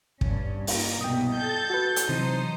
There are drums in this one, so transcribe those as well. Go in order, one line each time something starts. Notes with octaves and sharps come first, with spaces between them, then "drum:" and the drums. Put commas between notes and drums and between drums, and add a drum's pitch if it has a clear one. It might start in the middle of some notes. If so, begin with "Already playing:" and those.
G2 C#4, drum: kick
A#3 D#4, drum: open hi-hat
C2 B2 G5 D#6
A4 G6 A6
F#4 B4
drum: hi-hat
C3 E3 F#3 D#4 C5